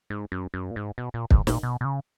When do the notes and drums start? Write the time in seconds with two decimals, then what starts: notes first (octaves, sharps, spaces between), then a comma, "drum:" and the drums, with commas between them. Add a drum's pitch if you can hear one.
0.10 G#2
0.32 F#2
0.54 F#2
0.71 A#2
0.76 G#2
0.98 B2
1.14 A#2
1.30 G#2, drum: kick
1.47 A#2, drum: snare
1.63 B2
1.81 B2
1.85 C#3